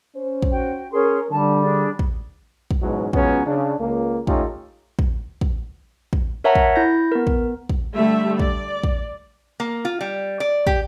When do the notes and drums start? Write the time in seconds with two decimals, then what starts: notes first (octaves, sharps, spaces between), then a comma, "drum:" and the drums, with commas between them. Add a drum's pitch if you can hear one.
0.16 C#4 C5
0.42 drum: kick
0.52 F#4 G5
0.92 C#4 G#4 A#4 C#5 C6
1.31 D3 G3 A5
1.62 D4 G#4 D5
1.99 drum: kick
2.71 drum: kick
2.82 G#2 B2 E3 F#3 G#3 C#4
3.13 C#2 F#3 B3 C#4, drum: kick
3.46 C#3 D4
3.80 C#2 A#3
4.27 A3 C#4 D#4 F4 G4 A4, drum: kick
4.99 drum: kick
5.41 drum: kick
6.13 drum: kick
6.44 A#4 C#5 E5 F#5 A5 A#5
6.55 drum: kick
6.76 E4 G6 A#6
7.12 B3 A#4
7.27 drum: kick
7.69 drum: kick
7.94 D3 G3 A3 E5
8.39 D5, drum: kick
8.84 drum: kick
9.60 A#3
9.85 F4
10.01 G3
10.40 D5
10.67 G4, drum: kick